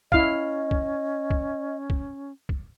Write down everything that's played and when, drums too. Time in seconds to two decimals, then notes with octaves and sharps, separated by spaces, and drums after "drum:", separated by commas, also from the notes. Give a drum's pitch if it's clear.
0.12 C#4 E4 D#5 F5, drum: kick
0.71 drum: kick
1.30 drum: kick
1.90 drum: kick
2.49 drum: kick